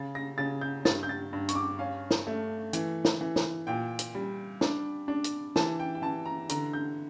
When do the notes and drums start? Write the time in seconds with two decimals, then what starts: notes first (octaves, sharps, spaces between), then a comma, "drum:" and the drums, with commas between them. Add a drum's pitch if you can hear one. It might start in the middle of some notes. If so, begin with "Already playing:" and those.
Already playing: C#3 A6
0.15 A#6
0.38 C#3 A6
0.61 G6
0.85 G2 A6, drum: snare
1.03 G6
1.09 A6
1.33 G2
1.49 C#6, drum: hi-hat
1.55 D6
1.79 C#4 F5
2.11 drum: snare
2.27 A3
2.73 E3, drum: hi-hat
3.05 drum: snare
3.21 E3
3.36 drum: snare
3.67 A#2 G5
3.99 drum: hi-hat
4.14 G3
4.61 D4, drum: snare
5.08 D4
5.24 drum: hi-hat
5.56 E3 A5, drum: snare
5.79 G5
5.95 G5
6.02 E3 A5
6.26 A#5
6.49 D3 A#5, drum: hi-hat
6.73 G6